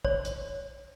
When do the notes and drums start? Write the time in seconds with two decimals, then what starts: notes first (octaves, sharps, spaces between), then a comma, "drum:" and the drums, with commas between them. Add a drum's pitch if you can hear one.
0.05 C#5, drum: kick
0.25 drum: hi-hat